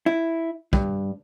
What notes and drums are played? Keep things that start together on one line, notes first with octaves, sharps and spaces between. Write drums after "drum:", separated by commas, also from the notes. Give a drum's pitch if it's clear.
E4
G2, drum: kick